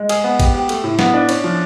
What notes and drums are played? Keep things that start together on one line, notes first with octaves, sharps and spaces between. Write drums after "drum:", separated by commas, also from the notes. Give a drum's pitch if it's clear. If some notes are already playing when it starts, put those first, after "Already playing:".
Already playing: G#3
G#4, drum: cymbal
B3
G4, drum: kick, cymbal
G4
A3, drum: cymbal
A2
B3, drum: snare
D4
C#4, drum: cymbal
F3